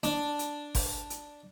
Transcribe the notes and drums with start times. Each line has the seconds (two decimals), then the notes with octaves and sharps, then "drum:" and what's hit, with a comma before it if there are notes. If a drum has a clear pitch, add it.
0.03 D4, drum: hi-hat
0.39 drum: hi-hat
0.75 drum: kick G1, open hi-hat
1.10 drum: hi-hat